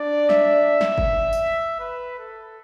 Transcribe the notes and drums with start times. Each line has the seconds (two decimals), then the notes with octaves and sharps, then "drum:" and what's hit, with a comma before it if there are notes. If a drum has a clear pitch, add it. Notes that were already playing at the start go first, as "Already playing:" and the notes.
Already playing: D4 D5
0.29 E5, drum: snare
0.81 drum: snare
0.98 drum: kick G1
1.33 drum: tambourine
1.80 B4
2.19 A4